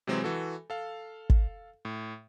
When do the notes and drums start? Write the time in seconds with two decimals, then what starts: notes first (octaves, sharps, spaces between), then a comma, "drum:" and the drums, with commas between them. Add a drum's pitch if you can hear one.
0.07 C3 E3 F#3 G#3 C4
0.24 E3 F#4 A4
0.70 A4 F5
1.30 drum: kick
1.85 A2